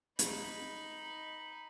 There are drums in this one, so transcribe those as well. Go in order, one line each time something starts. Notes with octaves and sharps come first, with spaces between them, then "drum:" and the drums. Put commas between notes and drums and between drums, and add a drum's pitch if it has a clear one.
D#4 B5, drum: hi-hat